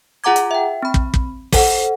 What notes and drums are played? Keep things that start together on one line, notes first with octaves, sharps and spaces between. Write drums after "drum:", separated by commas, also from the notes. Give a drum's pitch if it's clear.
F4 G#4 F#5 A#5 D6 G#6
drum: hi-hat
E5 G5
C4 B5
drum: kick
drum: kick
A4 C5 F#5, drum: kick, open hi-hat